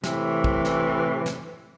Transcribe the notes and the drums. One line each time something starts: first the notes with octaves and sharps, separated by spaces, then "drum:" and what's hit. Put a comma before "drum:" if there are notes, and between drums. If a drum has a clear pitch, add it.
A2 C3 E3, drum: snare
drum: kick
drum: snare
drum: snare